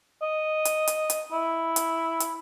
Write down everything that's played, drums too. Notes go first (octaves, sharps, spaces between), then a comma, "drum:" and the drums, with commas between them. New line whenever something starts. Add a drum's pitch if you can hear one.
D#5
drum: hi-hat
drum: hi-hat
drum: hi-hat
E4
drum: hi-hat
drum: hi-hat